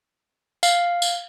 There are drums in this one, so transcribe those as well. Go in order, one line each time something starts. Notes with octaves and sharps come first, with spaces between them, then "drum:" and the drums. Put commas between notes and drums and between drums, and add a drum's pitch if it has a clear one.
F5, drum: tambourine
drum: tambourine